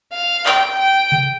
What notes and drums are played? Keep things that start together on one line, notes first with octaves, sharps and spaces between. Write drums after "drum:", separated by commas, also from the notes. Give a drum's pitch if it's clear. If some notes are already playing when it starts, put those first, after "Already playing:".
F5
G5, drum: clap
G5
drum: tom C3